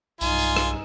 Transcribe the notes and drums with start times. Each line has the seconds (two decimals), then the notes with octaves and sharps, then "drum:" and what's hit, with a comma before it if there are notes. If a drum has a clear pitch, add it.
0.21 B1 G2 D#4 F4 G#5, drum: tambourine
0.39 drum: tambourine
0.56 drum: rim click